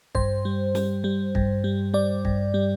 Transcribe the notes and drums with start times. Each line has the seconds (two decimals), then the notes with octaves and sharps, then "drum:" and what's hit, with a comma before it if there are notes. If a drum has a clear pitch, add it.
0.15 G2 C5, drum: kick
0.45 G3
0.75 G3, drum: snare
1.04 G3
1.35 G2, drum: kick
1.64 G3
1.94 G3 D5
2.25 G2, drum: kick
2.54 G3